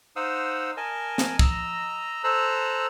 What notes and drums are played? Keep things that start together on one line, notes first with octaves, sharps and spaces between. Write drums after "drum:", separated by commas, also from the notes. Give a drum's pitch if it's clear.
D#4 C5 F5 F#5 D#6 E6
A#4 D#5 G#5 A5
drum: snare
D#5 A#5 E6, drum: kick
A4 C5 A#5 E6 F#6